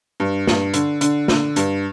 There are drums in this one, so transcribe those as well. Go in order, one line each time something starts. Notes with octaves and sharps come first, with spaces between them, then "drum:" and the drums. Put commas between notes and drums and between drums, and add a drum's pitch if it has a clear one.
G2
G2, drum: snare
D3, drum: hi-hat
D3, drum: hi-hat
D3, drum: snare
G2, drum: hi-hat